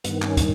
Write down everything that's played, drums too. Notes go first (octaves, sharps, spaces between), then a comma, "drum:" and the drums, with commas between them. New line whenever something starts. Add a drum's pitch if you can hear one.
G2 D#3 B3, drum: hi-hat
B3, drum: clap
C#4
drum: kick, hi-hat